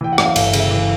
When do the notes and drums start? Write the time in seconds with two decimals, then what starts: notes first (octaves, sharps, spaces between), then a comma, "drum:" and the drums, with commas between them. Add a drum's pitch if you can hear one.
0.01 E3 G5
0.12 F#5
0.18 F#2, drum: rim click
0.24 F5
0.36 G1 F5, drum: cymbal
0.47 E5
0.53 C#3, drum: cymbal
0.60 E5
0.71 E3